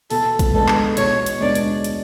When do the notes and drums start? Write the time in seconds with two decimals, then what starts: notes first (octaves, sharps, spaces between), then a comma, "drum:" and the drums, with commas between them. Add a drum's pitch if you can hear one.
0.10 B2 A4, drum: open hi-hat
0.39 drum: kick A#1, hi-hat
0.54 G#3 B3 D4 A4
0.68 drum: clap
0.97 B2 C#5, drum: hi-hat
1.26 drum: hi-hat
1.41 G#3 B3 D4 D5
1.55 drum: hi-hat
1.84 drum: hi-hat